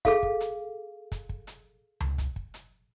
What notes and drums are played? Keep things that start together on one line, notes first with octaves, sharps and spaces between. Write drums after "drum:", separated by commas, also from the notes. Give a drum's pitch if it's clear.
G#4 A4 F5, drum: kick, hi-hat
drum: kick
drum: hi-hat
drum: kick, hi-hat
drum: kick
drum: hi-hat
drum: tom C#2
drum: kick, hi-hat
drum: kick
drum: hi-hat